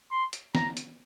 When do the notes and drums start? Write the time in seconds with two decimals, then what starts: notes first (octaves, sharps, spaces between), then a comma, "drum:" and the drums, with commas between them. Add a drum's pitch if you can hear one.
0.11 C6
0.33 drum: hi-hat
0.55 A#5, drum: snare
0.77 drum: hi-hat